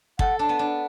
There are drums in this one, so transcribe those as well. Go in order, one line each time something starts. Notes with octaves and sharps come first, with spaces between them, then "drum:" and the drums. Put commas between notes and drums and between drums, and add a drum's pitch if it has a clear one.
A4 F#5, drum: kick
D4 A5
B3
D4